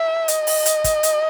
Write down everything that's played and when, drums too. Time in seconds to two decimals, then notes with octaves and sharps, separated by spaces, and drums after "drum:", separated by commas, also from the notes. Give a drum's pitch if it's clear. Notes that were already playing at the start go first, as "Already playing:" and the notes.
Already playing: E5
0.28 D#5, drum: hi-hat
0.47 drum: open hi-hat
0.66 drum: hi-hat
0.84 drum: kick, hi-hat
1.03 drum: hi-hat